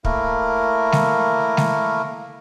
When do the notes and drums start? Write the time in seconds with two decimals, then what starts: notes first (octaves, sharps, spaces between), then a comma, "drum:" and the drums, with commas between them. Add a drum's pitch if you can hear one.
0.05 A3 A#3 E4 A#4, drum: kick
0.92 drum: snare G#3
1.57 drum: snare G#3